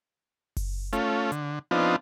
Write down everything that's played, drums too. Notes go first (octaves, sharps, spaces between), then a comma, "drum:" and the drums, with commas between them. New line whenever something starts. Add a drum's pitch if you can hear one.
drum: kick F#1, open hi-hat
A3 C#4 F4, drum: hi-hat
D3, drum: hi-hat
F3 B3 C4 D4 D#4 F4